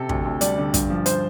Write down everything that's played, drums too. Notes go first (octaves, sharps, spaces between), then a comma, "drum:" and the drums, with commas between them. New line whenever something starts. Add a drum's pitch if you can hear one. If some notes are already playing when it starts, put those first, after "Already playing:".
Already playing: C3 A4
D2, drum: kick
D2
G3 D5, drum: hi-hat
D3
G2, drum: kick, hi-hat
F3
C5, drum: hi-hat